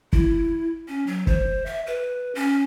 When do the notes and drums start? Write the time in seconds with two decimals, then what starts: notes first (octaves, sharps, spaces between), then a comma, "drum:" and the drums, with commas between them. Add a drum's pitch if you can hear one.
0.13 E4, drum: kick
0.88 C#4
1.07 F#3
1.27 C5, drum: kick
1.66 E5
1.87 B4
2.35 C#4